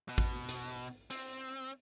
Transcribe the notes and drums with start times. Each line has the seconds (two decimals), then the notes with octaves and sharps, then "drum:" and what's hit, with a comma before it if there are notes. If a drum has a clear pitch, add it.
0.09 B2
0.18 drum: kick
0.49 drum: hi-hat
1.10 C4, drum: hi-hat